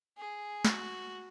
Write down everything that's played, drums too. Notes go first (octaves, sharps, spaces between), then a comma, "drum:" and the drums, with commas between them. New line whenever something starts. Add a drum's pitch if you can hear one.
G#4
F#4, drum: snare